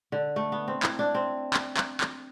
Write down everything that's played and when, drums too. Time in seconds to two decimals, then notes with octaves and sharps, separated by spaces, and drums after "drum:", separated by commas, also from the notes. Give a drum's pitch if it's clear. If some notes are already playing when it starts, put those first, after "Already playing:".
0.12 D3
0.36 A3
0.52 B3
0.68 C4
0.83 E4, drum: clap
0.99 D4
1.15 C4
1.54 drum: clap
1.77 drum: clap
2.01 drum: clap